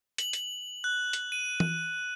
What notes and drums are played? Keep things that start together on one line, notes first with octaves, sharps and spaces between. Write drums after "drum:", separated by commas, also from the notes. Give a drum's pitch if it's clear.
F#7, drum: hi-hat
drum: hi-hat
F#6
drum: hi-hat
D#7
drum: tom E3